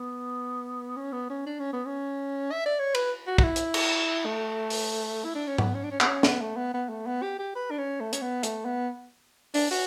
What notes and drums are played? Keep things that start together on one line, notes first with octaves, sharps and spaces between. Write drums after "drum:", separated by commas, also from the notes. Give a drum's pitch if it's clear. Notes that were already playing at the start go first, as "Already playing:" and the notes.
Already playing: B3
C#4
B3
C#4
D4
C#4
B3
C#4
E5
D5
C#5
B4, drum: cymbal
F#4
F#4, drum: kick
E4
drum: hi-hat
drum: cymbal
A3
drum: open hi-hat
E4
D4
C#4
B3, drum: tom G#2
C#4
D4
C#4
B3, drum: clap
C#4
B3, drum: snare
A3
B3
B3
A3
B3
G4
G4
B4
D4
C#4
A3
C#4, drum: hi-hat
B3
A3, drum: hi-hat
B3
D4, drum: open hi-hat
F#4, drum: open hi-hat